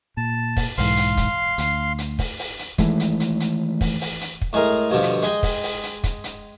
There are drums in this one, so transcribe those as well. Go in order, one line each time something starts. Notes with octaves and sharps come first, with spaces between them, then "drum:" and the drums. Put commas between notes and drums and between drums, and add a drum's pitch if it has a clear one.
A#2 A5
drum: kick, open hi-hat
B1 G#2 E3 F5 C6, drum: open hi-hat
drum: hi-hat
drum: kick, hi-hat
D2, drum: hi-hat
drum: hi-hat
drum: kick, open hi-hat
drum: open hi-hat
drum: hi-hat
D#3 E3 G#3 A3, drum: kick, hi-hat
drum: hi-hat
drum: hi-hat
drum: hi-hat
drum: kick, open hi-hat
drum: open hi-hat
drum: hi-hat
drum: kick
A2 G#3 G#4 A#4
G2 B2 D3 F3
drum: hi-hat
G#3 G#4 D#5 G5, drum: hi-hat
drum: kick, open hi-hat
drum: open hi-hat
drum: hi-hat
drum: kick, hi-hat
drum: hi-hat